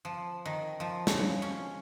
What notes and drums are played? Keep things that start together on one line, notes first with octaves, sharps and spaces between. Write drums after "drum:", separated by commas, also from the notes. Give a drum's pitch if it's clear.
F3
D#3
F3
C#3, drum: snare
C#4